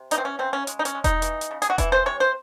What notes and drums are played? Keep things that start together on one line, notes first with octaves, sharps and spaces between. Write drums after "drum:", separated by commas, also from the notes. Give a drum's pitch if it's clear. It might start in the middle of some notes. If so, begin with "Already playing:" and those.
Already playing: C3
E3 D#4, drum: hi-hat
C4
C#4
C#3 C4
C#4
G#3, drum: hi-hat
D#4
C#4, drum: hi-hat
G#3
D#4, drum: kick E1, hi-hat
E3, drum: hi-hat
drum: hi-hat
C#3
G#4, drum: hi-hat
F#4
E3 E4, drum: kick E1, hi-hat
C5
C3 C#5
C5